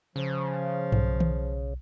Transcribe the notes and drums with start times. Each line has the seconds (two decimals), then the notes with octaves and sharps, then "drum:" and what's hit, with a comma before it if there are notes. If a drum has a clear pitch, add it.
0.16 C#3 F3
0.92 B1, drum: tom G2
1.20 drum: tom D#3